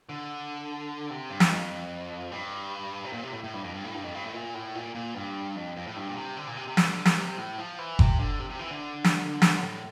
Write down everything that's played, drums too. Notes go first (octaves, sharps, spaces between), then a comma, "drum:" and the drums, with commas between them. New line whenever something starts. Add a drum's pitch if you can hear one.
D3
C3
G2
drum: snare
F2
G2
C3
A#2
C3
A2
A2
G2
F2
G2
A2
G2
F2
G2
A2
A#2
A2
A#2
A#2
G2
F2
F2
A2
G2
A#2
C3
D3
A#2
C3
C3
D3, drum: snare
D3, drum: snare
C3
A2
F3
E3
C3, drum: kick F#1
D3
C3
C3
E3
D3
drum: snare
drum: snare
A2